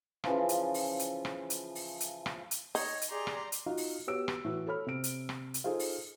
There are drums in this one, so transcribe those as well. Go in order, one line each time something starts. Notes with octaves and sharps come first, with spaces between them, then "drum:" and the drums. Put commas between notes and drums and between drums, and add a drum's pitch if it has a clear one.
C#3 E3 F3 F4, drum: rim click
drum: hi-hat
drum: open hi-hat
drum: hi-hat
drum: rim click
drum: hi-hat
drum: open hi-hat
drum: hi-hat
drum: rim click
drum: hi-hat
D#4 C#5 D#5, drum: open hi-hat
drum: hi-hat
G4 G#4 D5 A#5 C6
drum: rim click
drum: hi-hat
D#4 F4 F#4 F5
drum: open hi-hat
B3 F#4 G4 C#5 E6 D7
drum: rim click
A2 E3 F#4
A4 C#5 B5 F6
C3 D7
drum: hi-hat
drum: rim click
drum: hi-hat
D#4 F4 G#4 A4 C5 F5
drum: open hi-hat